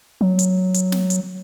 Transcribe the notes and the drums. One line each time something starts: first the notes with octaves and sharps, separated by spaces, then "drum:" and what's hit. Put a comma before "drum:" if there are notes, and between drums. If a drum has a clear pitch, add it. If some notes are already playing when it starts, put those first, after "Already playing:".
F#3
drum: hi-hat
drum: hi-hat
drum: snare
drum: hi-hat